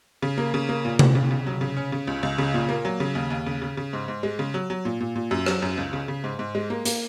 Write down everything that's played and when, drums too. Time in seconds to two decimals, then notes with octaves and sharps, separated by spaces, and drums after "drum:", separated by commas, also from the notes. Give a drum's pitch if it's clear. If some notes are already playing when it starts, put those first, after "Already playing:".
0.22 C#3
0.38 A#3
0.54 C#3
0.69 A#3
0.85 A#2
0.99 A#2, drum: tom C3
1.15 C#3
1.31 C#3
1.47 F#3
1.61 C#3
1.77 C#4
1.92 C#3
2.07 C#2
2.23 C#2
2.38 C#3
2.54 A#2
2.69 A#3
2.85 F#3
3.00 C#3
3.15 D#2
3.30 D#2
3.46 C#3
3.62 C#3
3.77 C#3
3.93 G#2
4.08 G#2
4.23 G#3
4.39 C#3
4.54 F#3
4.70 F#3
4.85 A#2
5.00 A#2
5.15 A#2
5.31 F#2
5.46 F#3, drum: rim click
5.62 F#2
5.78 C#2
5.93 C#3
6.08 C#3
6.24 G#2
6.39 G#2
6.55 G#3
6.70 A#3
6.85 A#3, drum: hi-hat